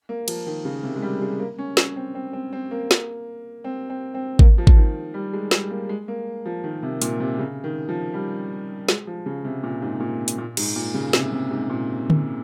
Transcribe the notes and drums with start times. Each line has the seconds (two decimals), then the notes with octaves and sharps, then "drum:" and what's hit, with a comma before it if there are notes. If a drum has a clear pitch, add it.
0.09 A#3
0.28 F3, drum: cymbal
0.47 D#3
0.65 C#3
0.83 C3
0.96 G#3
1.02 G3
1.22 G#3
1.40 A#3
1.59 C#4
1.77 C#4, drum: snare
1.96 C4
2.15 C4
2.33 C4
2.53 C4
2.71 A#3
2.91 drum: snare
3.64 C4
3.90 C4
4.14 C4
4.39 A#3, drum: kick G#1
4.58 F3
4.67 drum: kick G#1
4.77 D#3
5.14 G3
5.33 G#3
5.51 G3, drum: snare
5.70 A#3
5.89 G#3
6.08 A#3
6.46 F3
6.64 D#3
6.83 C3
7.02 A#2, drum: hi-hat
7.20 C3
7.39 C#3
7.64 D#3
7.89 F3
8.14 G3
8.89 G#3, drum: snare
9.07 F3
9.26 C#3
9.45 C3
9.63 A#2
9.82 G#2
10.00 A#2
10.28 drum: hi-hat
10.38 A#2
10.57 G#2, drum: cymbal
10.76 A#2
10.94 C#3
11.13 C3, drum: snare
11.32 C3
11.50 G#2
11.70 A#2
12.10 drum: tom D3